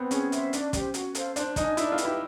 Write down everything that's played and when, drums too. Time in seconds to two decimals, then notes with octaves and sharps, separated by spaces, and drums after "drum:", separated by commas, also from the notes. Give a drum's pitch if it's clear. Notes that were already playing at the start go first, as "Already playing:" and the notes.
Already playing: B3 C4
0.11 C#4 G#4, drum: hi-hat
0.32 C5 E5, drum: hi-hat
0.53 D4, drum: hi-hat
0.73 G4 C5, drum: kick, hi-hat
0.94 F#4, drum: hi-hat
1.15 A4 C5 F5, drum: hi-hat
1.36 D4 C5, drum: hi-hat
1.56 D#4 D#5 G#5, drum: kick, hi-hat
1.77 D4 E4, drum: hi-hat
1.92 F4
1.98 G4 B4, drum: hi-hat
2.05 E4